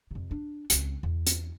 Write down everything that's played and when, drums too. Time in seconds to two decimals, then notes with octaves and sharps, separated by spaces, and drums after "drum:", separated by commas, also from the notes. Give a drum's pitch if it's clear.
0.11 F2 C3
0.31 D4
0.70 C#2 C4, drum: hi-hat
1.03 E2
1.27 drum: hi-hat